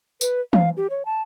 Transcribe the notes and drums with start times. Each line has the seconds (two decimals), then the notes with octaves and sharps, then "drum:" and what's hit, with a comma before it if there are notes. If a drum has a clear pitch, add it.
0.21 B4, drum: tambourine
0.53 F5, drum: tom E3
0.77 G4
0.90 C#5
1.05 A5